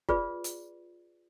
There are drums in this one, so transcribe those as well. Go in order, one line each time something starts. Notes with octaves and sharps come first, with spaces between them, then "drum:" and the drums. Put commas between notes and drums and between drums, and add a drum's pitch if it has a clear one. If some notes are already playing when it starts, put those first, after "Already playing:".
F4 G#4 B4 D5, drum: kick
drum: hi-hat